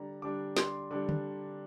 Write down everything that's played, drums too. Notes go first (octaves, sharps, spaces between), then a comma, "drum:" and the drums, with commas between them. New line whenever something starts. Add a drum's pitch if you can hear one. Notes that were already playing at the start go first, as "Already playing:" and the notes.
Already playing: D3 G3 D4 A#5
D3 G3 D4 D6
C6, drum: snare
D3 G3 D4 D6
drum: tom